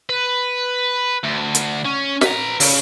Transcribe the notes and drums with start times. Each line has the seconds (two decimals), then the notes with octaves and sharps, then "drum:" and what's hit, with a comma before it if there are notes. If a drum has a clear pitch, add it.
0.09 B4
1.24 D2
1.55 drum: hi-hat
1.85 C#4
2.21 B4 A#5, drum: snare
2.60 C#3, drum: open hi-hat